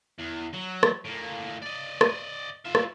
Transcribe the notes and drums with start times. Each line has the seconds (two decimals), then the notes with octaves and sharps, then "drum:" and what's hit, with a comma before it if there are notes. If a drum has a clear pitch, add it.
0.19 E2
0.53 F#3
0.83 drum: rim click
1.05 A2 A#3
1.62 D5 D#5
2.01 drum: rim click
2.65 F4 E5
2.75 drum: rim click